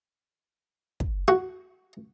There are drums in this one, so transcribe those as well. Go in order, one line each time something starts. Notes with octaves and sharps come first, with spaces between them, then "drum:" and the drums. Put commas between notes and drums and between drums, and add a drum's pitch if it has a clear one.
drum: kick
F#4